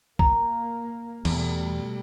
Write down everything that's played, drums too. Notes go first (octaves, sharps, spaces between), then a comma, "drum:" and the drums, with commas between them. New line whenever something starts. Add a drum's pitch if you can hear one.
A#3 A#5, drum: kick
E2 B2 G3 A3, drum: cymbal